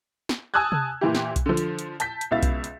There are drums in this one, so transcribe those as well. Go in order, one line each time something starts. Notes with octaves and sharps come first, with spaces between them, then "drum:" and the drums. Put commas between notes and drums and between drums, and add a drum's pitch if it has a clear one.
drum: snare
G#5 A5 D#6 E6 F#6 G#6
drum: tom C3
A#2 E3 E4 G4
drum: snare
drum: kick B1, hi-hat
D3 F3
drum: hi-hat
drum: hi-hat
A5 G6 B6, drum: hi-hat
drum: hi-hat
C#2 B2 E4 E5 F5 A6
drum: kick B1, hi-hat
drum: hi-hat